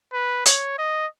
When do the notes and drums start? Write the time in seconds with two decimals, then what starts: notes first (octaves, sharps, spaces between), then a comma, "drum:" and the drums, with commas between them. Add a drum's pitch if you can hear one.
0.13 B4
0.46 C#5, drum: hi-hat
0.78 D#5